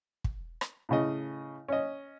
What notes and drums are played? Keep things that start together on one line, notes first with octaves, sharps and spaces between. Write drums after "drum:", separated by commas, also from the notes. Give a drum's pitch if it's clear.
drum: kick
drum: rim click
A2 C#3 D#5
C#4 D#5